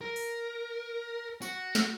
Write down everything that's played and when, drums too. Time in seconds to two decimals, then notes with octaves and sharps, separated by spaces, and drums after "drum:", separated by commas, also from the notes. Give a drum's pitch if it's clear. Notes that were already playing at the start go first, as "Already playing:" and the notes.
0.01 A#4
0.16 drum: open hi-hat
1.42 F#4, drum: tambourine
1.75 drum: snare